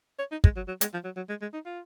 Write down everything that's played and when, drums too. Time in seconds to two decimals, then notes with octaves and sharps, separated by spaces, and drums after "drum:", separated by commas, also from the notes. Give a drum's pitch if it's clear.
0.19 C#5
0.31 D#4
0.44 G#3, drum: kick
0.56 F#3
0.68 F#3
0.81 G#3, drum: hi-hat
0.93 F3
1.05 F#3
1.16 F#3
1.29 G#3
1.42 G#3
1.53 D#4
1.66 F4